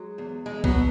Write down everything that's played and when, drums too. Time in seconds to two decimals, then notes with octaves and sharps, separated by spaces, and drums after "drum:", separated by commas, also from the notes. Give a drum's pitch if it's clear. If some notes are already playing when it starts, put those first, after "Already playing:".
Already playing: F#3 G#3
0.18 E2
0.46 E2 G#3
0.64 F#3 B3, drum: kick B1
0.74 B2